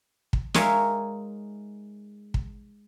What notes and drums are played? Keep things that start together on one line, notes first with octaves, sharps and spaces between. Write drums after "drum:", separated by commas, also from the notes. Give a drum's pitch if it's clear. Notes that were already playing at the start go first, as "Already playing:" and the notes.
drum: kick
G#3 D#4 A#4 C#5 E5 F5, drum: snare
drum: kick